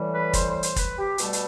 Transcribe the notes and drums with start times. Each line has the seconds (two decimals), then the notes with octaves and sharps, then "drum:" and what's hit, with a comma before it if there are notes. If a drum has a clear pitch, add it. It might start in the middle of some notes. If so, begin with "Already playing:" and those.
Already playing: A2 E3 G3
0.13 B4
0.33 C5, drum: kick, hi-hat
0.49 C5
0.63 C5, drum: hi-hat
0.76 B4, drum: kick, hi-hat
0.98 G4
1.18 B2 G3 A3, drum: hi-hat
1.33 drum: hi-hat